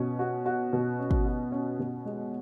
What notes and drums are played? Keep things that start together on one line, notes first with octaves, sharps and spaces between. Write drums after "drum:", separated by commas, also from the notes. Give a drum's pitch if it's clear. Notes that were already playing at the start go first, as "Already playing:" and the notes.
Already playing: B2 C#4
F#4
F#4
B2
C#4
drum: kick
F#4
C#4
B2
G#3